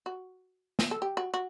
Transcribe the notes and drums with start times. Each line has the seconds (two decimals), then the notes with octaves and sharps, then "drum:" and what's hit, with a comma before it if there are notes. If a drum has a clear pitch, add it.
0.06 F#4
0.79 drum: snare
0.91 A4
1.02 G4
1.17 F#4
1.34 F#4